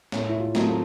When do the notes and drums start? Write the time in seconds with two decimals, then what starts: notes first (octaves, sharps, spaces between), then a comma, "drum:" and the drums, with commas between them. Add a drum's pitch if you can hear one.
0.12 A2 C#4, drum: snare
0.29 E4
0.40 F4
0.55 F#3 A3 C4 D#4, drum: snare
0.69 F4